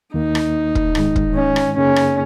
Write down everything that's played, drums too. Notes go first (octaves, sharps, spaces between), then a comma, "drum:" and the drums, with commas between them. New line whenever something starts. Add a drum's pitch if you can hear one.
D#2 D#3 A#3 D#4
drum: rim click
drum: kick
G#2 D#3 G#3, drum: rim click
drum: kick
C#4
drum: rim click
F#2 C#3 A#3 C#4 D#4 G#4
drum: rim click